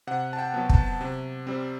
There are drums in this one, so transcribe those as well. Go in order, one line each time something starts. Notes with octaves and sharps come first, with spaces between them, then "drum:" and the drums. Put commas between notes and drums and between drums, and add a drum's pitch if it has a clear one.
C3 F#5
A5
G5
F#3 B3
A5, drum: kick
C3
G3 C4